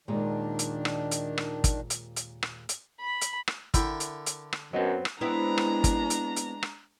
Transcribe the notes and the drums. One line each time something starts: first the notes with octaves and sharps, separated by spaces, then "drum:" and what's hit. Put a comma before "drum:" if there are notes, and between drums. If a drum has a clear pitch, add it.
D#2 A#2 D#3 G#3 D4
drum: hi-hat
drum: rim click
drum: hi-hat
drum: rim click
drum: kick, hi-hat
drum: hi-hat
drum: hi-hat
drum: rim click
drum: hi-hat
B5
drum: hi-hat
drum: rim click
D3 E4 A#4 E5 G5 B5, drum: kick, hi-hat
drum: hi-hat
drum: hi-hat
drum: rim click
F#2 F#3 B3 C4 D#5
drum: rim click
G#3 B3 C4 D4 E4 A#5
drum: rim click
drum: kick, hi-hat
drum: hi-hat
drum: hi-hat
drum: rim click